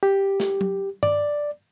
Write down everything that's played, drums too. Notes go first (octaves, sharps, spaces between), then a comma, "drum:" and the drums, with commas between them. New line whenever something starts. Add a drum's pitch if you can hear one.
G4
drum: snare
drum: tom F#3
D5, drum: tom G2